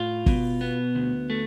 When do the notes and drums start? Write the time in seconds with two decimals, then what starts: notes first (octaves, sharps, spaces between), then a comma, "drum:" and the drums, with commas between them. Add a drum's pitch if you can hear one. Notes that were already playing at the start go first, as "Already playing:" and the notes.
Already playing: A2 F4
0.26 B2, drum: kick
0.61 B3
0.95 D2
1.30 A3